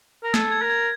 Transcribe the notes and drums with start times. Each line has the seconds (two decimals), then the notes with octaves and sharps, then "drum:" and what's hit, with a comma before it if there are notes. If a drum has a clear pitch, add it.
0.23 A#4
0.34 A4 G#6, drum: snare
0.51 G#6
0.61 A#4
0.70 G#6